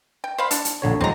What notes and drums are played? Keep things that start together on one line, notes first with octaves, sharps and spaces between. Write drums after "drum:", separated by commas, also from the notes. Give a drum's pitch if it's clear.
G5
C5 F5 B5
D4, drum: hi-hat
drum: hi-hat
A#1 D3 C#5
E2 F#3 G#3 C4 A#5